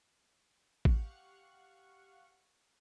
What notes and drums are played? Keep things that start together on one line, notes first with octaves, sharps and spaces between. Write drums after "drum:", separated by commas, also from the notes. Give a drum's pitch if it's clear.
G4 F5 F#5 C#6 F#6, drum: kick